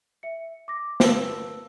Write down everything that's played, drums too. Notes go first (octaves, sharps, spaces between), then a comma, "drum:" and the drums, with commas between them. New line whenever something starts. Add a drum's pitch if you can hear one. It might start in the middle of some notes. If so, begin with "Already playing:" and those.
E5 C#7
D6 A#6
A#4 B4 F5 A5 E6, drum: snare